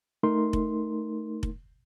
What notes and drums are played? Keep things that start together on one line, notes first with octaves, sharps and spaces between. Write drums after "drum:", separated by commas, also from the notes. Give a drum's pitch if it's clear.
A3 D#4 A#4 C6
drum: kick F1
drum: kick F1